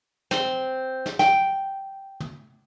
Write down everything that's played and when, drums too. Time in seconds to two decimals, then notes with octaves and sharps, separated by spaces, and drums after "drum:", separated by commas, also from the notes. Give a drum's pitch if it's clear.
0.31 C4, drum: snare
1.06 drum: snare
1.19 G5, drum: snare
2.20 drum: tom